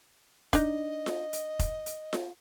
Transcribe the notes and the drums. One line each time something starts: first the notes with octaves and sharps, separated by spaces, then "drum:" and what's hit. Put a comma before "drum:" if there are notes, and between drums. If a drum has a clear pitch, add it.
D4 D#4 D#5, drum: kick F1, hi-hat
drum: snare F4
drum: hi-hat
drum: kick F1, hi-hat
drum: hi-hat
drum: snare F4